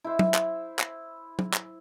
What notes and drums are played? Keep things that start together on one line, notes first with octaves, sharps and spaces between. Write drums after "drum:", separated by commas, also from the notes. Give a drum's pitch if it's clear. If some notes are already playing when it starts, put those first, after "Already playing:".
E4 C5
drum: tom
drum: clap
drum: clap
drum: tom
drum: clap